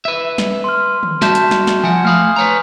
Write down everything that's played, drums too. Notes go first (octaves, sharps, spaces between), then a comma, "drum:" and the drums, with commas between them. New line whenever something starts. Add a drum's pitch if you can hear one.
B4 E5
drum: snare
C6 F6
drum: tom D3
F#4 E5 A5 C6 G6 E7, drum: snare
drum: hi-hat
drum: snare
drum: snare
F3 F#5 G#5
A3 F5 B5 D#6 F6
B4 C#5 A#5